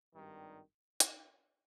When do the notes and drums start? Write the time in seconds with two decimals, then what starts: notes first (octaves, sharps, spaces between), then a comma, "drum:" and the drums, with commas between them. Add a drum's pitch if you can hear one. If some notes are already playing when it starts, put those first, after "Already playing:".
0.13 G#1 G2 D#3 G3
1.00 drum: hi-hat